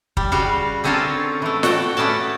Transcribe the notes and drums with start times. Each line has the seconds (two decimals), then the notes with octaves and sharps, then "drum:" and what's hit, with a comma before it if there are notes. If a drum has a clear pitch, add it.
0.17 G3, drum: kick
0.32 C#3 G3 F#4 F5
0.84 D3 C4 C#4 F4 A4 A#4
1.42 E3 A3
1.63 F#4 A4 F#5 G5, drum: snare
1.97 A3 B3 C#4 D5 A5